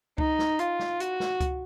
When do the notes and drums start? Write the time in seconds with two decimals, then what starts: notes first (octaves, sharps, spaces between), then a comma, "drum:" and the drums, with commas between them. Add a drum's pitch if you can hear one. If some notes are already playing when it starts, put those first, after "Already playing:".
0.18 D#4, drum: kick C#2
0.39 drum: snare
0.59 F4, drum: hi-hat
0.79 drum: snare
1.00 F#4, drum: hi-hat
1.20 drum: snare
1.40 drum: kick C#2, hi-hat